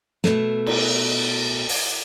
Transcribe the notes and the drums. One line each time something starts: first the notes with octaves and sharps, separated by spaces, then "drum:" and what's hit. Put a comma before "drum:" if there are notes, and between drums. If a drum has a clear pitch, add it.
B2 A3, drum: snare
drum: cymbal
drum: open hi-hat